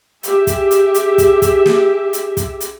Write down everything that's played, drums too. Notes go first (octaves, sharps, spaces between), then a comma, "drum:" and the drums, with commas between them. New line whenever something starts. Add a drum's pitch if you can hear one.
G4 G#4 E5, drum: hi-hat
drum: kick, hi-hat
drum: hi-hat
drum: hi-hat
drum: kick, hi-hat
drum: kick, hi-hat
drum: snare
drum: hi-hat
drum: kick, hi-hat
drum: hi-hat